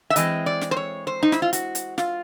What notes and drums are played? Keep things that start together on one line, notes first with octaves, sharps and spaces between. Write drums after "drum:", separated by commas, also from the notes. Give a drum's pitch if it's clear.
E5
E3 G#3 C4 D#5, drum: hi-hat
D5
drum: snare
C5
C#5
C5
D#4
E4, drum: snare
F4
F#4, drum: hi-hat
drum: hi-hat
F4, drum: snare